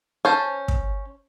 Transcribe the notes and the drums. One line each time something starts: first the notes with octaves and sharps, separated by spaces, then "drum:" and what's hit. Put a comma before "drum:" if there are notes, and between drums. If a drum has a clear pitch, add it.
C#4 C5 A5
drum: kick